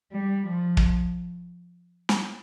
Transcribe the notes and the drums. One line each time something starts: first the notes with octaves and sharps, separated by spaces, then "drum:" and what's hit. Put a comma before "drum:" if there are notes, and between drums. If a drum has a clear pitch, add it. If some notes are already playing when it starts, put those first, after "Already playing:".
G3
F3
drum: kick
drum: snare